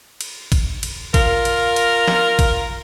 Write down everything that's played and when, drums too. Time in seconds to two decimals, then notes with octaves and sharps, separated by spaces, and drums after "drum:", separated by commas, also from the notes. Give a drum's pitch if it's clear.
0.21 drum: cymbal
0.52 drum: kick A1, cymbal
0.83 drum: cymbal
1.14 F4 A#4, drum: kick A1, cymbal
1.45 drum: cymbal
1.76 drum: cymbal
2.08 drum: snare
2.39 drum: kick A1, cymbal